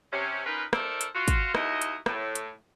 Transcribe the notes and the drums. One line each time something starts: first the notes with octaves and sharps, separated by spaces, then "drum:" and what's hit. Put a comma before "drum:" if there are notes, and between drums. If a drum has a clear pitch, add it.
C3 C#4
C#4 D#4 F4 A#4 B4
D#4 A4 A#4 C5 D5 E5, drum: rim click
drum: hi-hat
F4 F#4
drum: kick, hi-hat
D#2 D#4 E4 F#4 D#5, drum: rim click
drum: hi-hat
A2, drum: rim click
drum: hi-hat